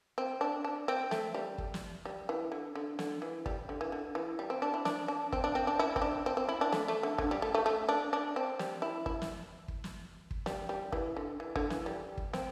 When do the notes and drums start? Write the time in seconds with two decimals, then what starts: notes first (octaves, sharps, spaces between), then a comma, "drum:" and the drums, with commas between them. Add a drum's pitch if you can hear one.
0.18 C4
0.41 D4
0.64 D4
0.88 C4
1.11 A3, drum: snare
1.35 G3
1.58 drum: kick
1.74 drum: snare
2.05 G3
2.29 E3
2.52 D3
2.75 D3
2.99 D3, drum: snare
3.22 E3
3.46 G3, drum: kick
3.69 D3
3.81 E3
3.92 D3
4.15 E3
4.39 G3
4.50 C4
4.62 D4
4.74 E4
4.85 D4, drum: snare
5.08 D4
5.33 C4, drum: kick
5.44 D4
5.55 C4
5.67 D4
5.79 E4
5.96 C4, drum: kick
6.02 D4
6.26 C4
6.37 C4
6.49 E4
6.61 D4
6.72 A3, drum: snare
6.88 A3
7.03 D3
7.18 D3, drum: kick
7.31 G3
7.42 A3
7.55 A3
7.66 A3
7.89 D4
8.13 D4
8.36 C4
8.59 G3, drum: snare
8.82 E4
9.06 E4, drum: kick
9.22 drum: snare
9.68 drum: kick
9.84 drum: snare
10.31 drum: kick
10.46 G3, drum: snare
10.69 G3
10.92 E3, drum: kick
11.17 D3
11.40 E3
11.56 D3, drum: kick
11.70 E3, drum: snare
11.86 G3
12.18 drum: kick
12.33 C4, drum: snare